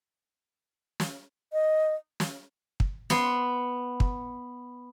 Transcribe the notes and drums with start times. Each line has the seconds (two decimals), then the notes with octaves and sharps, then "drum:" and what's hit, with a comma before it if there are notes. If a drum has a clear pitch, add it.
1.00 drum: snare
1.53 D#5
2.20 drum: snare
2.80 drum: kick
3.10 B3 C6, drum: snare
4.00 drum: kick